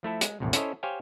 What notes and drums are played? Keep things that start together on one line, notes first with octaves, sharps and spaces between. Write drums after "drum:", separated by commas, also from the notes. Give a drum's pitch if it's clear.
F3 A3 E4 A4
G#3, drum: hi-hat
A#1 E2 A2 C3
C#4 E4 A4 C5 C#5 D#5, drum: hi-hat
G4 C5 C#5 F5 G5 G#5